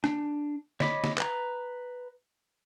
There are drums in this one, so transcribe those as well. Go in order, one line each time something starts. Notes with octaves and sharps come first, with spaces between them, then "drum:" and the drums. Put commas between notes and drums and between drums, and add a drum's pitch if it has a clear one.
D4, drum: rim click
C#5 D#5 B5 D6, drum: snare
drum: snare
B4 A#5, drum: clap